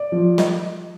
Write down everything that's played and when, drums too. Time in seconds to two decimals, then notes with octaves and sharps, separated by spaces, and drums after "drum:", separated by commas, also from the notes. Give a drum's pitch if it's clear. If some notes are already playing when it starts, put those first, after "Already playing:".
Already playing: D5
0.12 F3
0.38 D#5, drum: snare